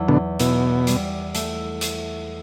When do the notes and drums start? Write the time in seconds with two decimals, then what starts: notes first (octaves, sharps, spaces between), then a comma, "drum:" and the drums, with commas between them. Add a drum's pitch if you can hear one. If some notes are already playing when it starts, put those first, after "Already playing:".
Already playing: E2 F#3
0.08 B2 D3
0.39 B2 E4, drum: hi-hat
0.87 G3, drum: hi-hat
1.35 A3, drum: hi-hat
1.81 drum: hi-hat